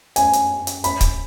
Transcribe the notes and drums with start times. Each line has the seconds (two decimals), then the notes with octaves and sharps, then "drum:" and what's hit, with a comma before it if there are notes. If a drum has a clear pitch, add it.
0.16 G#5, drum: hi-hat
0.33 drum: hi-hat
0.67 drum: hi-hat
0.84 B5, drum: hi-hat
1.01 drum: kick C#1, hi-hat